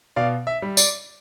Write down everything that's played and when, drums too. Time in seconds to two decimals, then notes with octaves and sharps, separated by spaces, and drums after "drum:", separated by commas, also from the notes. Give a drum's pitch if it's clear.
0.16 B2 D5 F5
0.47 E5
0.62 G3
0.77 D5, drum: tambourine